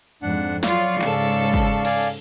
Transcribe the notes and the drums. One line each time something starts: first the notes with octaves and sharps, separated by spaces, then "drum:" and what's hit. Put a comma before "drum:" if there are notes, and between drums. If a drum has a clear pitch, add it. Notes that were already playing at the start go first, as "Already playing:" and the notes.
F2 G#2 D4 F#5
F#3 F4 D5 F5 C#6, drum: snare
G#2 C#3 A4, drum: clap
drum: kick
D5 F5 G#5, drum: cymbal